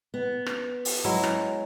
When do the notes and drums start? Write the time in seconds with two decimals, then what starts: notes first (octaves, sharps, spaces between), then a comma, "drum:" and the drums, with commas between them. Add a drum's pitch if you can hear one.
0.14 B3
0.46 drum: rim click
0.85 drum: open hi-hat
1.04 F#3 G#3 E4
1.24 drum: rim click